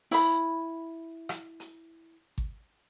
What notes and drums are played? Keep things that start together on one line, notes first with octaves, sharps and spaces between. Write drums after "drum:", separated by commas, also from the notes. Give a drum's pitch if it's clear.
E4 B5, drum: open hi-hat
drum: rim click
drum: hi-hat
drum: kick G#1